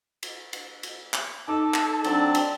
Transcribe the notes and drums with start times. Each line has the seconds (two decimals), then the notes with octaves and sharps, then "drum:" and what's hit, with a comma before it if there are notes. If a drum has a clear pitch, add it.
0.23 drum: cymbal
0.53 drum: cymbal
0.83 drum: cymbal
1.13 drum: clap
1.48 D#4 A4 D6
1.74 drum: clap
2.04 F#3 C4 D4 D5 A5, drum: cymbal
2.35 drum: cymbal